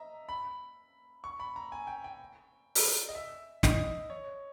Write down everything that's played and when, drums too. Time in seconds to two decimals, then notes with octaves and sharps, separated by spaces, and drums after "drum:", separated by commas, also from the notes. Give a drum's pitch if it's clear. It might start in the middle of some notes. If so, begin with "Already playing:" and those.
Already playing: D#5 E5 A#5
0.29 B5
1.24 C#6
1.40 B5
1.56 A#5
1.72 G#5
1.87 G5
2.04 G5
2.75 drum: open hi-hat
3.09 D#5
3.15 E5
3.63 D#5, drum: snare
4.10 C#5